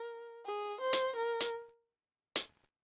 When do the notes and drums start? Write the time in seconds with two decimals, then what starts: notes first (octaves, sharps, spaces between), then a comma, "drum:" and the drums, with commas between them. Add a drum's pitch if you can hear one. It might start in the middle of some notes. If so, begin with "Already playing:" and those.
Already playing: A#4
0.46 G#4
0.81 C5
0.93 drum: hi-hat
1.16 A#4
1.40 drum: hi-hat
2.36 drum: hi-hat